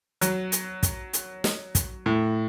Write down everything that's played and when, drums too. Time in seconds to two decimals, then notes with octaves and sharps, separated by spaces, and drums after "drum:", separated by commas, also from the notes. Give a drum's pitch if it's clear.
0.21 F#3, drum: hi-hat
0.52 drum: hi-hat
0.83 drum: kick, hi-hat
1.13 drum: hi-hat
1.44 drum: snare
1.75 drum: kick, hi-hat
2.06 A2